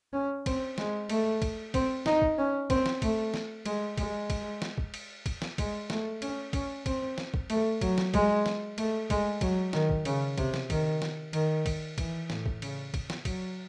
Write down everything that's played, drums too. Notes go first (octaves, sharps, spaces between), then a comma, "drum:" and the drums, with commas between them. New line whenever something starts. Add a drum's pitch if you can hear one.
C#4
C4, drum: kick, cymbal
G#3, drum: snare
A3, drum: cymbal
drum: kick, cymbal
C4, drum: kick, cymbal
D#4, drum: snare
drum: kick
C#4
C4, drum: kick, cymbal
drum: snare
A3, drum: kick, cymbal
drum: snare
G#3, drum: cymbal
G#3, drum: kick, cymbal
drum: kick, cymbal
drum: snare
drum: kick
drum: cymbal
drum: kick, cymbal
drum: snare
G#3, drum: kick, cymbal
A3, drum: snare
C#4, drum: cymbal
C#4, drum: kick, cymbal
C4, drum: kick, cymbal
drum: snare
drum: kick
A3, drum: cymbal
F#3, drum: kick, cymbal
drum: snare
G#3, drum: kick, cymbal
drum: snare
A3, drum: cymbal
G#3, drum: kick, cymbal
F#3, drum: kick, cymbal
D#3, drum: snare
drum: kick
C#3, drum: cymbal
C3, drum: kick, cymbal
drum: snare
D#3, drum: kick, cymbal
drum: snare
D#3, drum: cymbal
drum: kick, cymbal
E3, drum: kick, cymbal
A2, drum: snare
drum: kick
C#3, drum: cymbal
drum: kick, cymbal
drum: snare
F#3, drum: kick, cymbal